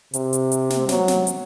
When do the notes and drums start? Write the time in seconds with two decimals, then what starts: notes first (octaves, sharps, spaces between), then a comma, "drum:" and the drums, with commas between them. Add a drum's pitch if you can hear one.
0.14 C3, drum: hi-hat
0.33 drum: hi-hat
0.52 drum: hi-hat
0.70 drum: snare
0.89 F#3, drum: snare
1.08 drum: snare
1.27 drum: hi-hat